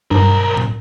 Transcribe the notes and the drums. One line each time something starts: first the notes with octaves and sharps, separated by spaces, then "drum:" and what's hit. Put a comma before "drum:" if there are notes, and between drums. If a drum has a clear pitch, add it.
B1 G2 A#4
drum: tom A2